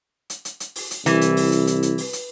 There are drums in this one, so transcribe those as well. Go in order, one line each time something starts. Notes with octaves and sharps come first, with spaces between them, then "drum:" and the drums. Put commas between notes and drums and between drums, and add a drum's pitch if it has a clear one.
drum: hi-hat
drum: hi-hat
drum: hi-hat
drum: open hi-hat
drum: hi-hat
C2 E3, drum: hi-hat
drum: hi-hat
drum: open hi-hat
drum: hi-hat
drum: hi-hat
drum: hi-hat
drum: open hi-hat
drum: hi-hat